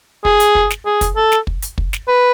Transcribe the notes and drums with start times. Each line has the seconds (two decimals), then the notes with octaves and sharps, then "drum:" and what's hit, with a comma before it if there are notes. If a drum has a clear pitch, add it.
0.25 G#4, drum: kick
0.40 drum: hi-hat
0.55 drum: kick
0.70 drum: snare
0.86 G#4
1.01 drum: kick, hi-hat
1.16 A4
1.32 drum: snare
1.47 drum: kick
1.62 drum: hi-hat
1.78 drum: kick
1.93 drum: snare
2.08 B4